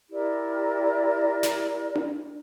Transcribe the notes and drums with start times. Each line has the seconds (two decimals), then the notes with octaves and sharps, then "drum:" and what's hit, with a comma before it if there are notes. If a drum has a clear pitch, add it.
0.11 E4 G4 A#4 D5
1.43 drum: snare
1.96 drum: tom D4